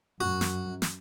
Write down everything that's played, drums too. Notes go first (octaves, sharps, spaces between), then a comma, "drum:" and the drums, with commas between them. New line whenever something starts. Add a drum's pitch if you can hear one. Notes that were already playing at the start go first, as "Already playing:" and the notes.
F#2 F#4
drum: snare
drum: snare